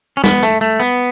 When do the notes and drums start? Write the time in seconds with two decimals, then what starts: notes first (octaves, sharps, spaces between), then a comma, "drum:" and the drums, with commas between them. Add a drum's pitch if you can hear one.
0.17 C#4
0.24 B3, drum: snare
0.43 A3
0.61 A3
0.80 B3